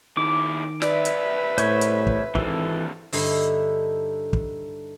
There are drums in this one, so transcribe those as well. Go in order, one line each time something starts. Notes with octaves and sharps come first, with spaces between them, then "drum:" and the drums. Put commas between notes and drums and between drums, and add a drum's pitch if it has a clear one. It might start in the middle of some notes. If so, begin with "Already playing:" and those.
D#2 D#3 E4 D6
C2 B4 D5 E5, drum: snare
drum: hi-hat
A2 C5 C#5, drum: hi-hat
drum: hi-hat
drum: kick
G#1 G2 C3 E3 A4, drum: kick
G2 D3 D#4 E4, drum: open hi-hat
drum: kick